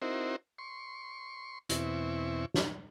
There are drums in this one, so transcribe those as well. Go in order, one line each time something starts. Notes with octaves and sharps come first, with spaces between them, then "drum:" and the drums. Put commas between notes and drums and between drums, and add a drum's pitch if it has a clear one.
C4 D#4 E4 F#4 A#4 C5
C6 C#6
E2 B2 C4 E4 C#6, drum: hi-hat
drum: snare